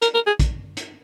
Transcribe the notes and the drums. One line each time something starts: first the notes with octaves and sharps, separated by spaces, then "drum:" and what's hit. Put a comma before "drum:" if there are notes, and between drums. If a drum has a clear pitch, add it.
A#4, drum: hi-hat
A#4
G#4
drum: kick, hi-hat
drum: hi-hat